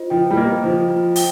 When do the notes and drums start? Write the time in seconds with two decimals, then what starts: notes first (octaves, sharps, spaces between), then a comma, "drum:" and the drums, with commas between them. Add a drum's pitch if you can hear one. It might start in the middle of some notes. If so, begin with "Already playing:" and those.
Already playing: F4 C5 D#5
0.10 F3 G5
0.31 G3
0.37 A#3 D#5
0.63 F3 C5
0.89 F4
1.16 G5, drum: open hi-hat